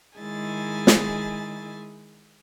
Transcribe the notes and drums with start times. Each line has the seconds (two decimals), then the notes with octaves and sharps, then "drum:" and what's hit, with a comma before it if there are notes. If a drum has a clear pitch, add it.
0.19 D#3 G#3 E4 G#4 G#5 A6
0.87 drum: snare